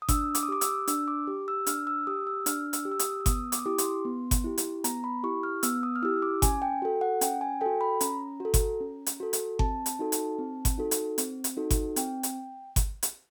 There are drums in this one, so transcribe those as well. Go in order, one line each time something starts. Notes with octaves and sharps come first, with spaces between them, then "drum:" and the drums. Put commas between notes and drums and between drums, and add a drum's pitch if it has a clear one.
D#6
D4 E6, drum: kick G1, hi-hat
D6, drum: hi-hat
D#6
G4 D6
E6, drum: hi-hat
D4 E6, drum: hi-hat
D6
G4
E6
D4 F6, drum: hi-hat
E6
G4 D#6
E6
D4 F6, drum: hi-hat
E6, drum: hi-hat
G4
E6
D#6, drum: hi-hat
E6
B3 D#6, drum: kick G1, hi-hat
D6, drum: hi-hat
D#6
E4 G4 D6
C6, drum: hi-hat
B3
drum: kick G1, hi-hat
E4 G4
drum: hi-hat
B3 A#5, drum: hi-hat
B5
E4 G4 C#6
F6
B3 E6, drum: hi-hat
D#6
F6
E4 G4 E6
D6
C#4 G#5, drum: kick G1, hi-hat
G5
F#4 A4
F#5
C#4 G5, drum: hi-hat
G#5
F#4 A4 G5
B5
C#4 A#5, drum: hi-hat
F#4 A4
drum: kick G1, hi-hat
C#4
drum: hi-hat
F#4 A4
drum: hi-hat
C4 A5, drum: kick G1
drum: hi-hat
D#4 F#4 A4
drum: hi-hat
C4
drum: kick G1, hi-hat
D#4 F#4 A4
drum: hi-hat
C4, drum: hi-hat
drum: hi-hat
D#4 F#4 A4
drum: kick G1, hi-hat
C4 G5, drum: hi-hat
drum: hi-hat
drum: kick G1, hi-hat
drum: hi-hat